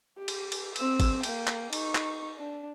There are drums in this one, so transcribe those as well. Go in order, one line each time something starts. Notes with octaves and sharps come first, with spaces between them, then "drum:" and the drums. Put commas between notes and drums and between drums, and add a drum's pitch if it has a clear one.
G4
drum: cymbal
drum: cymbal
C4 E6, drum: cymbal
drum: kick, cymbal
A#3 G5, drum: cymbal
drum: clap
D#4 C#6, drum: cymbal
drum: clap
D4